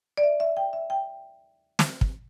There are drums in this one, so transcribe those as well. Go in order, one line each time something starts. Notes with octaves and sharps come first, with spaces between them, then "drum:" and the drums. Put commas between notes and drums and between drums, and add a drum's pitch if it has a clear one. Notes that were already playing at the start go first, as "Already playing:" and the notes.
D5
E5
E5
G5
E5
G5
drum: snare
drum: kick